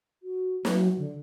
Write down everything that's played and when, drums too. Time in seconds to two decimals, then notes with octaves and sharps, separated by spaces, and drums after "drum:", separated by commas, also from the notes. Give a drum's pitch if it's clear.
0.23 F#4
0.65 F#3, drum: snare
0.98 D3